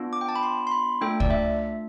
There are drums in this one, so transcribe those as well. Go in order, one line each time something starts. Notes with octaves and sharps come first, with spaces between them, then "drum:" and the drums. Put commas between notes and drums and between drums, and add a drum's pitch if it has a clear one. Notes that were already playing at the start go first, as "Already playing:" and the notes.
Already playing: B3 D4 F4
D6
G5
A5
B5
C6
C6
B5
A3 D4 F4 A4 G5
D5, drum: kick C#2
E5